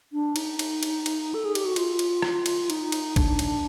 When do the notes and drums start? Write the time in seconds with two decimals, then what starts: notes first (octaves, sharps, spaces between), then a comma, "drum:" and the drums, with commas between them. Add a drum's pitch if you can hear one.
0.13 D4
0.36 D#4, drum: cymbal
0.59 drum: cymbal
0.83 drum: cymbal
1.06 drum: cymbal
1.34 A4
1.45 G#4
1.55 G4, drum: cymbal
1.65 F#4
1.76 F4, drum: cymbal
1.99 drum: cymbal
2.22 drum: rim click
2.46 drum: cymbal
2.70 D#4, drum: cymbal
2.92 drum: cymbal
3.16 D4, drum: kick, cymbal
3.39 drum: cymbal